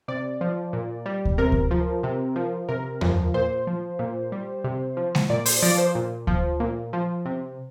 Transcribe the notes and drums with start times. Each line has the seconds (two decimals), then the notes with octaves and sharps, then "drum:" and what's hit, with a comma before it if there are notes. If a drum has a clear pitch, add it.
0.08 C3 D5
0.41 F3
0.73 A#2
1.06 G3
1.25 drum: kick D2
1.38 C3 A#4
1.52 drum: kick D2
1.71 F3
2.03 C3
2.36 F3
2.69 C3 A#4
3.01 F3, drum: tom E2
3.34 A#2 C5
3.67 F3
3.99 A#2
4.32 G3
4.64 C3
4.97 F3
5.15 drum: snare G#3
5.30 A#2 D5
5.46 C5, drum: open hi-hat
5.63 F3 D5
5.78 C5
5.95 A#2
6.27 F3, drum: kick D2
6.60 A#2
6.93 F3
7.25 C3